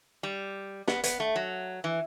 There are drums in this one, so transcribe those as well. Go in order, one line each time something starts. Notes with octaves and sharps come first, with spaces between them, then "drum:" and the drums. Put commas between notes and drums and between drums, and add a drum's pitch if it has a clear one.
G3
B3, drum: snare
B3, drum: hi-hat
A3
F#3
E3